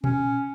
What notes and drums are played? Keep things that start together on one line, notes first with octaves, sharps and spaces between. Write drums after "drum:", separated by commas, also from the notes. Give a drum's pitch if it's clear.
C#4, drum: tom A#2